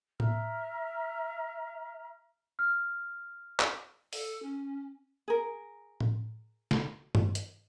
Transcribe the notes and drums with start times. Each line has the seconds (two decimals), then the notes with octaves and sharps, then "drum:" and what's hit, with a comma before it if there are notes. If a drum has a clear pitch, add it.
0.20 E5 A#5 F6, drum: tom A2
2.59 F6
3.60 drum: clap
4.13 A4, drum: open hi-hat
4.42 C#4
5.28 G#4 A#4
6.00 drum: tom A2
6.71 drum: snare
7.15 drum: tom G2
7.35 drum: hi-hat